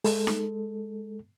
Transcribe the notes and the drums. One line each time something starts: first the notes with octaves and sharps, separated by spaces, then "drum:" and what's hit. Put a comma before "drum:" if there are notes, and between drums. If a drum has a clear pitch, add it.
G#3 A4, drum: open hi-hat
drum: snare D#4